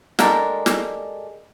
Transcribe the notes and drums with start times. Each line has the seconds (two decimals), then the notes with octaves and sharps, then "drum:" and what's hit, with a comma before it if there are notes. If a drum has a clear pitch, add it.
0.19 G#3 D4 G4 A4 A#4, drum: snare
0.66 drum: snare